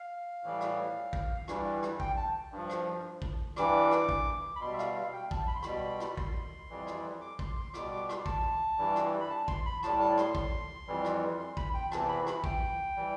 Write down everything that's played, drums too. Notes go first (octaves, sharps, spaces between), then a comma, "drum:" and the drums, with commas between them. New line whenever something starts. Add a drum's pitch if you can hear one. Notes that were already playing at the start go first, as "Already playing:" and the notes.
Already playing: F5
A2 E3 G3
drum: rim click
drum: kick
G2 E3 G3, drum: rim click
drum: rim click
G5, drum: kick
A5
G2 F3
drum: rim click
drum: kick
G2 E3 G3 D6, drum: rim click
drum: rim click
drum: kick
B5
B2 G3 C6
E5
F5, drum: rim click
F5
G5
A5, drum: kick
B5
C6
B2 G3 B5, drum: rim click
drum: rim click
C6, drum: kick
F2 E3 G3
drum: rim click
D6
C6, drum: kick
C6
B2 G3 D6, drum: rim click
D6
C6, drum: rim click
A5, drum: kick
G2 E3 G3
drum: rim click
B5
A5
C6, drum: kick
B5
A2 G3 A5, drum: rim click
A5
C6, drum: rim click
C6, drum: kick
F2 E3 G3
drum: rim click
C6
B5, drum: kick
G5
E2 C3 E3 A5, drum: rim click
B5
B5, drum: rim click
G5, drum: kick
E3 G3